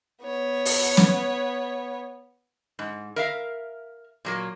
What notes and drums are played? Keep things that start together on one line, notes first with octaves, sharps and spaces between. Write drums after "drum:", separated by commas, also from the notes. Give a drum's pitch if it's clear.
B3 C#5
drum: open hi-hat
drum: snare
G#2
A#4 E5 F5
A#2 F#3 A#3